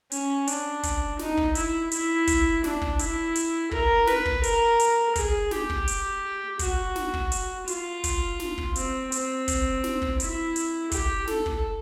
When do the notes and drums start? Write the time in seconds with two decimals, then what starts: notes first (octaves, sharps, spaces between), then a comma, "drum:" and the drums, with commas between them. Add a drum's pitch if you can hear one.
0.12 C#4, drum: hi-hat
0.47 D4, drum: hi-hat
0.83 drum: kick, hi-hat
1.19 D#4, drum: snare
1.37 drum: kick
1.55 E4, drum: hi-hat
1.91 E4, drum: hi-hat
2.27 drum: kick, hi-hat
2.64 D4, drum: snare
2.81 drum: kick
2.99 E4, drum: hi-hat
3.35 drum: hi-hat
3.71 A#4, drum: kick
4.07 B4, drum: snare
4.26 drum: kick
4.43 A#4, drum: hi-hat
4.80 drum: hi-hat
5.16 G#4, drum: kick, hi-hat
5.51 G4, drum: snare
5.70 drum: kick
5.88 drum: hi-hat
6.59 F#4, drum: kick, hi-hat
6.96 drum: snare
7.14 drum: kick
7.32 drum: hi-hat
7.68 F4, drum: hi-hat
8.04 drum: kick, hi-hat
8.40 drum: snare
8.58 drum: kick
8.76 C4, drum: hi-hat
9.12 C4, drum: hi-hat
9.48 drum: kick, hi-hat
9.84 drum: snare
10.02 drum: kick
10.20 E4, drum: hi-hat
10.56 drum: hi-hat
10.92 G4, drum: kick, hi-hat
11.27 A4, drum: snare
11.46 drum: kick